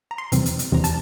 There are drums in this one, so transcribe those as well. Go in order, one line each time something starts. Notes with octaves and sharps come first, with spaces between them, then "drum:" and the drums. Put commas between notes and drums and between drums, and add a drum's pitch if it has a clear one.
A#5
C6
E2 C3 E3 G3 C4, drum: hi-hat
drum: hi-hat
drum: hi-hat
E2 C3 E3 G3 C4 A#5
A5, drum: hi-hat